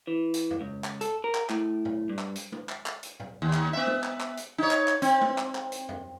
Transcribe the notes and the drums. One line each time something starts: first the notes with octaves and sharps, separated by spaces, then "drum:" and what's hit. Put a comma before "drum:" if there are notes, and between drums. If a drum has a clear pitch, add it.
E3
drum: hi-hat
drum: tom F2
C#2
drum: clap
A4, drum: hi-hat
A#4
drum: clap
A2, drum: clap
drum: tom A2
G2
drum: clap
drum: hi-hat
drum: tom G#3
drum: clap
drum: clap
drum: hi-hat
drum: tom A2
D#2
drum: clap
B3 E5
drum: tom G#3
drum: clap
drum: clap
drum: hi-hat
D#4 C#5
drum: clap
drum: clap
C4, drum: hi-hat
drum: tom G#3
drum: clap
drum: clap
drum: hi-hat
drum: tom F2